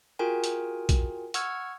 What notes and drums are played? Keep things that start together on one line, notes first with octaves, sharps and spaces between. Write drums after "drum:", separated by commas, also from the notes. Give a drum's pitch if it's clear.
F4 F#4 G#4 A#4 G5 G#5
drum: hi-hat
drum: kick B1, hi-hat
F#5 C#6 E6 F6 G#6, drum: hi-hat